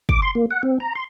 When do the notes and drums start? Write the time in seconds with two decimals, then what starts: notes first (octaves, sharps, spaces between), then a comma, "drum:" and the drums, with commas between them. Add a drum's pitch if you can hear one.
0.09 D6, drum: kick
0.22 C6
0.35 A#3
0.51 F#5
0.63 C4
0.80 A#5
0.95 C6